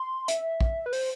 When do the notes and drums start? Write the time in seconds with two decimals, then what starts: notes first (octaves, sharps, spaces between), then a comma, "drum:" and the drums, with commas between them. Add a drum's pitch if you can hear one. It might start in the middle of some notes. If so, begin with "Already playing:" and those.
Already playing: C6
0.28 E5, drum: hi-hat
0.61 drum: kick
0.86 B4
0.93 C5, drum: open hi-hat